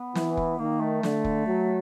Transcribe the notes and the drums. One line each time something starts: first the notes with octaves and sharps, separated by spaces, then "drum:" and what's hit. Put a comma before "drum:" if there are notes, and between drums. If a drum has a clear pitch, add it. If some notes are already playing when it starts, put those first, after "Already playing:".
Already playing: B3
E3, drum: snare
drum: kick F1
D#3 A#3
A3
D3, drum: snare
drum: kick F1
F#3